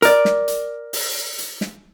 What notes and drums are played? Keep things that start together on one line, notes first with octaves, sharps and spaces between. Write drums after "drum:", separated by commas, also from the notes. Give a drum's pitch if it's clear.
A#4 D5, drum: hi-hat
drum: snare
drum: hi-hat
drum: open hi-hat
drum: hi-hat
drum: snare